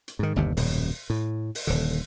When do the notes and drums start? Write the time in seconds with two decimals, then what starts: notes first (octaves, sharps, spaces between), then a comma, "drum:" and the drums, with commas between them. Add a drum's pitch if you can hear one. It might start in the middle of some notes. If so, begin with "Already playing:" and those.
0.08 drum: hi-hat
0.19 G#2 D#3
0.36 G1 D#2 C3
0.57 D#1 F#2 B2, drum: open hi-hat
1.10 A2
1.55 drum: open hi-hat
1.67 D#1 D3